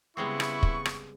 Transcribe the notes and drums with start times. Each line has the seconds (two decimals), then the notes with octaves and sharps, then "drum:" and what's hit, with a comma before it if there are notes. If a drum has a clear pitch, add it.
0.17 C#3 G3 G#3 B3 C4 E4 C#6
0.40 drum: rim click
0.63 drum: kick
0.85 drum: rim click